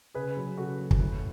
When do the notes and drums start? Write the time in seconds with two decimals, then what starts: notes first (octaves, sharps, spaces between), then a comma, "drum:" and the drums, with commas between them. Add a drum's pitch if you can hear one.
0.14 C#3 G#4 B4
0.37 F#3
0.58 C#3 F#4 A4
0.79 F#3
0.91 drum: kick
1.00 A2